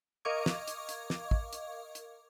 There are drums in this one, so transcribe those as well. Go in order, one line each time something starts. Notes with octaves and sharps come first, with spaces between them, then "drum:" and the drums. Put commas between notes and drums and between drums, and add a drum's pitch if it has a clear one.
A#4 D#5 F5 C#6 D6 G#6
drum: snare
drum: hi-hat
drum: hi-hat
drum: snare
drum: kick
drum: hi-hat
drum: hi-hat